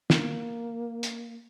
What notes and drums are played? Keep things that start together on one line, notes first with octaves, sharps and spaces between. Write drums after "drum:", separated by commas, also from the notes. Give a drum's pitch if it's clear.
A#3, drum: snare
drum: hi-hat